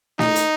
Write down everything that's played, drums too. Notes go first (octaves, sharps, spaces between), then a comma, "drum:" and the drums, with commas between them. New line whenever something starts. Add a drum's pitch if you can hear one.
D#4, drum: snare
drum: hi-hat